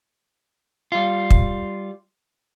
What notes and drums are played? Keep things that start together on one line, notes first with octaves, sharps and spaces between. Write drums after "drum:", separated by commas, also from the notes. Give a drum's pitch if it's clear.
G3 F4
drum: kick